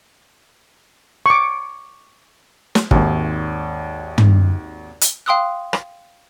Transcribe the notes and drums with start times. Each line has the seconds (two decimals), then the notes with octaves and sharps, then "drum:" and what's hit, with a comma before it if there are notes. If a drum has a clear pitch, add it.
1.26 C#6 D6
2.75 drum: snare
2.91 G#1 D#2, drum: kick
4.18 drum: tom
5.01 drum: hi-hat
5.26 F5 G5 C6 D#6 E6 F#6
5.73 drum: rim click